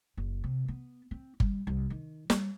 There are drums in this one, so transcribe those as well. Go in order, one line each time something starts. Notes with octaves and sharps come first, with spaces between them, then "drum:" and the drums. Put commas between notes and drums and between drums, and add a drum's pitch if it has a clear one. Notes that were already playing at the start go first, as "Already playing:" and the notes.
F#1
C3
B3
C4
G3, drum: kick G1
C2
D#3
G3, drum: snare